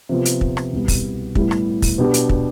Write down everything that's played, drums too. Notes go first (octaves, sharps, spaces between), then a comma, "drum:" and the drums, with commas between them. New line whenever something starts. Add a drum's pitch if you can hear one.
C3 F3 B3 F4
drum: hi-hat
drum: kick
drum: rim click
C2 B2 G3 B3
drum: kick, open hi-hat
A2 G3 B3 E4 G4, drum: kick
drum: rim click
drum: kick, open hi-hat
B2 B3 D4 G4
drum: hi-hat
drum: kick